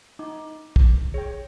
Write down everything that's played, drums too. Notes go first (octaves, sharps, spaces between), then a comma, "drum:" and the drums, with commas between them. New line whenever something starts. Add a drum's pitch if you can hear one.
D#4 D6
drum: kick
G#4 C#5 G5